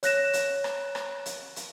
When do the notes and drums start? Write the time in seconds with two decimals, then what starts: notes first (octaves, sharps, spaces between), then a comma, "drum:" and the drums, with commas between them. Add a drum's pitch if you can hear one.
0.03 C#5 F#6 A#6 E7, drum: hi-hat
0.33 drum: hi-hat
0.64 drum: rim click
0.95 drum: rim click
1.26 drum: hi-hat
1.56 drum: hi-hat